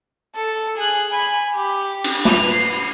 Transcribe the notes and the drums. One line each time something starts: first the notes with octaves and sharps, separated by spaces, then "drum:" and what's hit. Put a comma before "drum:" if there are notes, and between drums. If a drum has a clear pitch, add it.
A4
G#4 F#6
G#5 B5
G4
drum: cymbal
B4 F7, drum: snare
C7